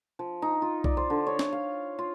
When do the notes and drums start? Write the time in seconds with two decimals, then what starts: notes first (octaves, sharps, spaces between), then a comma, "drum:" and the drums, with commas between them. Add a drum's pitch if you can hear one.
0.19 F3
0.42 D#4
0.62 F4
0.84 D5, drum: kick B1
0.97 C5
1.10 D3
1.26 C#5
1.39 drum: snare
1.52 F5
1.99 F4